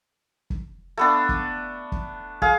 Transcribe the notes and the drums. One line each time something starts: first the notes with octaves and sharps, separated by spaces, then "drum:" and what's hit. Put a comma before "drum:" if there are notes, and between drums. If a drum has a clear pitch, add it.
drum: kick
A3 B3 D4
drum: kick
drum: kick
G#4 F5, drum: kick